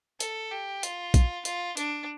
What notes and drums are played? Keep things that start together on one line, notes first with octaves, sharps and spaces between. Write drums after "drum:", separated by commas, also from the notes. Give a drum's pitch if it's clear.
A4, drum: hi-hat
G4
F4, drum: hi-hat
drum: kick A#1, hi-hat
F4, drum: hi-hat
D4, drum: hi-hat